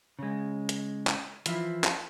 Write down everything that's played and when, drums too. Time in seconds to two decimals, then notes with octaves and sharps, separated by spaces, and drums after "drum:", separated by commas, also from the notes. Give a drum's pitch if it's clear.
0.19 C#3 G#3
0.69 drum: hi-hat
1.07 drum: clap
1.46 E3 F3 E4, drum: hi-hat
1.84 drum: clap